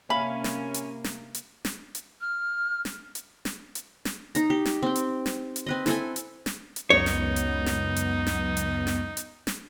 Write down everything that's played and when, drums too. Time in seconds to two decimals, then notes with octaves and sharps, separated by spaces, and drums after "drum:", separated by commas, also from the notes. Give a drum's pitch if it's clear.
0.10 C3 A#3 C#4 E5 F5 B5
0.44 drum: snare
0.74 drum: hi-hat
1.04 drum: snare
1.35 drum: hi-hat
1.65 drum: snare
1.95 drum: hi-hat
2.21 F6
2.85 drum: snare
3.15 drum: hi-hat
3.45 drum: snare
3.75 drum: hi-hat
4.05 drum: snare
4.35 D#4 A#5, drum: hi-hat
4.50 G4
4.65 drum: snare
4.83 C4 G5
4.96 drum: hi-hat
5.26 drum: snare
5.56 drum: hi-hat
5.67 C4 B4 D#5
5.86 E4 A4 G#5, drum: snare
6.16 drum: hi-hat
6.46 drum: snare
6.76 drum: hi-hat
6.90 C#2 F#2 B3 D#4 C#5
7.06 drum: snare
7.36 drum: hi-hat
7.66 drum: snare
7.96 drum: hi-hat
8.27 drum: snare
8.57 drum: hi-hat
8.87 drum: snare
9.17 drum: hi-hat
9.47 drum: snare